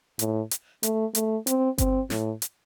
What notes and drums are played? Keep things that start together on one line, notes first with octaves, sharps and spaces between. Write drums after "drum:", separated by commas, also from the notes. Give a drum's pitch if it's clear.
A2, drum: hi-hat
drum: hi-hat
A3, drum: hi-hat
A3, drum: hi-hat
C4, drum: hi-hat
C4, drum: kick G1, hi-hat
A2, drum: snare
drum: hi-hat